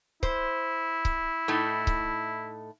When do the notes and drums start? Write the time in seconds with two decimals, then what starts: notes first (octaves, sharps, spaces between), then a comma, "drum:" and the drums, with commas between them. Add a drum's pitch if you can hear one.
0.23 E4 C5, drum: kick C#1
1.05 drum: kick C#1
1.48 A2 A3 D#4
1.87 drum: kick C#1